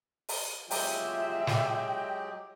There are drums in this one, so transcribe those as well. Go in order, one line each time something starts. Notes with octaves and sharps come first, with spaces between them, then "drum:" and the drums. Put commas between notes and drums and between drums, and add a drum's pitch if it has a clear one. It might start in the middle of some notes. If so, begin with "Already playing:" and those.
drum: open hi-hat
F#3 G#3 F4 G4 E5 G5, drum: open hi-hat
drum: snare